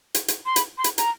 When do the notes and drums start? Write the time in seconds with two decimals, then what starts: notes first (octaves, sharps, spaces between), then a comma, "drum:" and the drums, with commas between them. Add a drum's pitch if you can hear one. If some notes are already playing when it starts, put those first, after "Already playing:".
0.14 drum: hi-hat
0.28 drum: hi-hat
0.46 C6
0.56 B5, drum: hi-hat
0.78 C6
0.84 B5, drum: hi-hat
0.98 A#5, drum: hi-hat